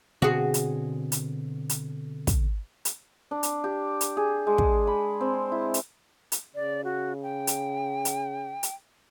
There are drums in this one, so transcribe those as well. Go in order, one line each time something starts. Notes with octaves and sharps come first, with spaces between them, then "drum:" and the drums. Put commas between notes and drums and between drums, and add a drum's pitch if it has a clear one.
B2 D3 C4 F#4 G#4
drum: hi-hat
drum: hi-hat
drum: hi-hat
drum: kick, hi-hat
drum: hi-hat
D4
drum: hi-hat
G4
drum: hi-hat
G#4
G#3
drum: kick
B5
C4
E4
drum: hi-hat
drum: hi-hat
C#3 D5
F#4
G5
drum: hi-hat
drum: hi-hat
drum: hi-hat